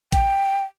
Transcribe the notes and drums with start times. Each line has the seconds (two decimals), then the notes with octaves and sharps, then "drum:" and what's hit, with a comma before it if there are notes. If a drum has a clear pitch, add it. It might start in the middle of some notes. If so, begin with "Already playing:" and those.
0.12 G5, drum: kick, hi-hat